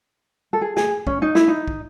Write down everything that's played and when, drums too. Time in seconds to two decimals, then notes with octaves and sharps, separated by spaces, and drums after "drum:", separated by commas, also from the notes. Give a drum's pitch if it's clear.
0.53 A4
0.61 G#4
0.76 G#4, drum: snare
1.07 C#4, drum: kick
1.22 D#4
1.35 E4, drum: snare
1.48 D#4
1.68 drum: kick